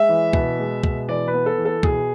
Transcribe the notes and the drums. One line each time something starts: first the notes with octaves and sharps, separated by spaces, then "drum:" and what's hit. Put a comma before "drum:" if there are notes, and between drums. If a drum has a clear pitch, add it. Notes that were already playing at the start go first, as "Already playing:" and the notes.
Already playing: G#3 E5
E3
B2, drum: kick
G#3
B2, drum: kick
E3 D5
B4
B3
A4
E3
A4
B2 G#4, drum: kick